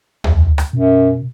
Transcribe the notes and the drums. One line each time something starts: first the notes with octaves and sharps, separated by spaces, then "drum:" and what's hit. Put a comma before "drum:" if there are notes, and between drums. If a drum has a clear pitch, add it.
D2, drum: tom E2
drum: rim click
F#2 B2